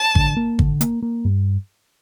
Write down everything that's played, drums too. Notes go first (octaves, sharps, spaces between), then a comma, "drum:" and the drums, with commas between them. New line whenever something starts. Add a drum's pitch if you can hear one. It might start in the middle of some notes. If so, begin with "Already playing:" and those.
Already playing: A5
D3, drum: kick
A#3
D3, drum: kick
A#3, drum: hi-hat
A#3
G2